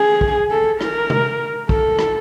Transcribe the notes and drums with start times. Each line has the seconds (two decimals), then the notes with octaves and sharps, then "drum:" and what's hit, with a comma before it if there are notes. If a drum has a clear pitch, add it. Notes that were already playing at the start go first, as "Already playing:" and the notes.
Already playing: G#4
0.21 drum: kick
0.51 A4
0.81 A#4, drum: rim click
1.10 drum: tom C3
1.69 A4, drum: kick
1.99 drum: rim click